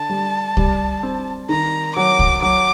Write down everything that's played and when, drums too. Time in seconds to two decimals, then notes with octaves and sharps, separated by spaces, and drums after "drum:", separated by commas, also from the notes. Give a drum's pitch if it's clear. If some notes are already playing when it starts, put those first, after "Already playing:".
Already playing: D3 A5
0.09 G3
0.57 G3, drum: kick C2
1.03 C4
1.49 D#3 A#5
1.96 F#3 D6
2.19 drum: kick C2
2.42 F#3 D6